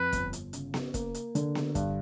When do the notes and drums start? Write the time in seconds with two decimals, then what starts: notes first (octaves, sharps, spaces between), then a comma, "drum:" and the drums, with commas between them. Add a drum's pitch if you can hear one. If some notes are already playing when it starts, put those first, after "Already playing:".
Already playing: F2 B4
0.12 G1, drum: kick, hi-hat
0.33 drum: hi-hat
0.53 C#3, drum: hi-hat
0.74 drum: snare B3
0.94 A#3, drum: kick, hi-hat
1.14 drum: hi-hat
1.35 D3, drum: hi-hat
1.55 drum: snare B3
1.75 G2, drum: kick, hi-hat